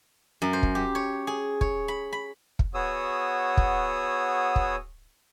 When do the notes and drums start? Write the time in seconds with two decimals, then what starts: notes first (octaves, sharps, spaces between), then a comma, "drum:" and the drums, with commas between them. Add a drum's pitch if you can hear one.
0.42 F#2
0.53 C5
0.63 drum: kick
0.75 G4
0.95 C#5
1.27 G#4
1.61 C#5, drum: kick
1.88 B5
2.13 B5
2.59 drum: kick
2.74 B3 F#4 G#4 C#5 D#6 E6
3.57 drum: kick
4.56 drum: kick